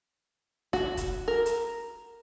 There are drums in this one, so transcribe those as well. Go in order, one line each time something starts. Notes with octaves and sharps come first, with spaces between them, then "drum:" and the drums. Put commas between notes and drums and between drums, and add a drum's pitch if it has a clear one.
F#4, drum: snare
drum: kick, hi-hat
A#4
drum: hi-hat